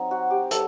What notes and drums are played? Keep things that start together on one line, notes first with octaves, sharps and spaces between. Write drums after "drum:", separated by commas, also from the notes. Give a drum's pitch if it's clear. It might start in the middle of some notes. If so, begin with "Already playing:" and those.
Already playing: F#3 C4 D#4
F#4
G4
F#3 A4, drum: hi-hat